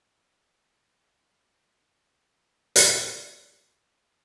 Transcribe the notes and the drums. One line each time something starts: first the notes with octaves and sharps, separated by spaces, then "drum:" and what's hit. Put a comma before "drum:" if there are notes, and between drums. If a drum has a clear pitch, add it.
A4
A#5
F5
G5
C#4
C#4
drum: hi-hat
G5
C#5